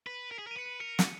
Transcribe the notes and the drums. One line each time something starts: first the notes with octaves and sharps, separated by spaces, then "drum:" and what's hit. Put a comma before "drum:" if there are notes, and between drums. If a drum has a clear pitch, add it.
B4 B6
A#4
G#4
A#4
D#7
B4 C#7
D#7
A#4 C#7
F#4, drum: snare